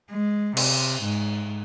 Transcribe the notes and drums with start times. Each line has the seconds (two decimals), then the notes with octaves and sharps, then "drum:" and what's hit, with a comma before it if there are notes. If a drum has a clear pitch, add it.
0.10 G#3
0.57 C3, drum: cymbal
1.03 G#2